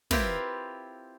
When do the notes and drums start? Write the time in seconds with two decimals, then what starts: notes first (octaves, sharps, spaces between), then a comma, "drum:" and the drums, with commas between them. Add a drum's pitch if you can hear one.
0.11 C4 E4 F4 G4 A#4 B4, drum: snare